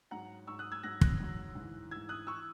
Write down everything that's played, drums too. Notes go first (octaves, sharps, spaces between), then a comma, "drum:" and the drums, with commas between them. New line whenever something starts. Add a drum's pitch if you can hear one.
G#2 F#3 F#5 A#5
G#2 F#3 C#6 E6
D#6 F#6
E6 G#6
G#2 F#3 F#6 A#6
F#6 A#6, drum: kick
G#2 F#3
G#2 E3
G#2 E3 E6 G#6
D#6 F#6
E3 C#6 E6